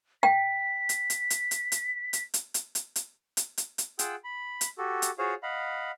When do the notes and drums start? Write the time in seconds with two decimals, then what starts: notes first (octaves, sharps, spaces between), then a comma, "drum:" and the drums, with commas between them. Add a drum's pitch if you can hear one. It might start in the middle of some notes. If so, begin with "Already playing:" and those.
0.23 G5 B6
0.89 drum: hi-hat
1.10 drum: hi-hat
1.30 drum: hi-hat
1.51 drum: hi-hat
1.72 drum: hi-hat
2.13 drum: hi-hat
2.34 drum: hi-hat
2.54 drum: hi-hat
2.75 drum: hi-hat
2.96 drum: hi-hat
3.37 drum: hi-hat
3.58 drum: hi-hat
3.78 drum: hi-hat
3.99 F4 G#4 F#5 G5 E6, drum: hi-hat
4.24 B5
4.61 drum: hi-hat
4.78 F#4 G4 A4
5.02 drum: hi-hat
5.19 F4 F#4 G#4 C5 C#5 F5
5.43 D#5 F5 F#5 B5